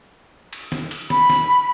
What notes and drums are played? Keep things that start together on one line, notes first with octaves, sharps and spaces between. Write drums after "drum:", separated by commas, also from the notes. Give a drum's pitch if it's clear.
drum: cymbal
drum: snare
drum: cymbal
B5, drum: snare
drum: snare